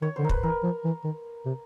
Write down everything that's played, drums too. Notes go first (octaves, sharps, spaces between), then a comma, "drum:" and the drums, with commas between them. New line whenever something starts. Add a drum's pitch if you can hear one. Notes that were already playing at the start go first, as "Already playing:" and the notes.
D#3 C#5
D3 C5
D#3 A#4
B4, drum: kick
E3 A#4
F3
E3
D#3
C3